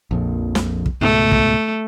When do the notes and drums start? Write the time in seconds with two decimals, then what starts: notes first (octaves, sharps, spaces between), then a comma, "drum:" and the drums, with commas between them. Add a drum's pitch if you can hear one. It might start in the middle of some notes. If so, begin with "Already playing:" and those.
0.11 A#1 F2 A#2
0.55 drum: snare
0.86 drum: kick
1.01 C#2 G#2 B2 A3
1.31 drum: kick